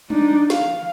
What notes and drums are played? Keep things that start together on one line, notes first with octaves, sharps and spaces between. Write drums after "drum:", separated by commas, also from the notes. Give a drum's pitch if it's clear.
D4 D#4, drum: tom G3
F5, drum: snare